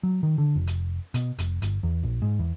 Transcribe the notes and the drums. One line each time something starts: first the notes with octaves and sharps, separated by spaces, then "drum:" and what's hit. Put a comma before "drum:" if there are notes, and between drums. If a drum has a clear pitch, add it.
F#3
D#3
D3
F1
drum: hi-hat
B2, drum: hi-hat
F1, drum: hi-hat
G1, drum: hi-hat
E2
A#1
G#2
E2